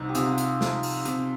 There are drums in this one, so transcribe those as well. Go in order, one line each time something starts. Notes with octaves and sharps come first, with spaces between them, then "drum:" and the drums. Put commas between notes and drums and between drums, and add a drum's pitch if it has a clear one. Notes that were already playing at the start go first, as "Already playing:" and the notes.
Already playing: C2 C3 D#4
G4
C3 F4 G#4, drum: hi-hat
drum: hi-hat
F3, drum: snare
drum: open hi-hat
C3, drum: hi-hat